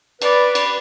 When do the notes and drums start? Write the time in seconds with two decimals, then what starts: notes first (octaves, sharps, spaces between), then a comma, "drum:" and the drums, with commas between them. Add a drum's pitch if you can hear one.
0.22 B4 D5, drum: cymbal
0.55 drum: cymbal